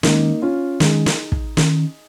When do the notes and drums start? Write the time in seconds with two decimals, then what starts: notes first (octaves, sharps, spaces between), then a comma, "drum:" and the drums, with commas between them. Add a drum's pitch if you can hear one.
0.03 D#3 G#3 A#3 C#4 D#4, drum: snare
0.42 C#4 F4
0.80 D#3 G#3 C#4 D#4 G#4, drum: snare
1.06 drum: snare
1.32 drum: kick
1.57 D#3 C#4, drum: snare